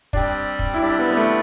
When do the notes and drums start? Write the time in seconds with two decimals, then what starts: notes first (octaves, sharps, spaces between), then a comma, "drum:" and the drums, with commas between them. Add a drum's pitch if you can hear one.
0.13 G3 C4 D4 G4 D5, drum: kick
0.59 drum: kick
0.74 E4
0.82 G3 C4 D4 G4 D5
0.99 B3
1.11 B3
1.17 A3